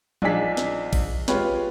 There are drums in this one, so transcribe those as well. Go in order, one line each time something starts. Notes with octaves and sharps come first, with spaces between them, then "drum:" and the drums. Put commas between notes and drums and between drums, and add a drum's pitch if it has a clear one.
A#1 D4 D#4 G#4 B6, drum: tom
drum: snare
drum: kick, cymbal
G#3 F4 G4 B4 C#5, drum: snare